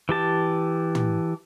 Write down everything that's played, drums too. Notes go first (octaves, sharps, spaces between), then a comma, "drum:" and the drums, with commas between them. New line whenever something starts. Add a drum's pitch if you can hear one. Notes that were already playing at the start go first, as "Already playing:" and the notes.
E3 G4 A5
drum: tom